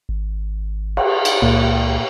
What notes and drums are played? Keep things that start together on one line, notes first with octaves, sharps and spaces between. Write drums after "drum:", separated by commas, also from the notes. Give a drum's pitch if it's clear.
G#1
drum: cymbal
drum: cymbal
C#2 A#2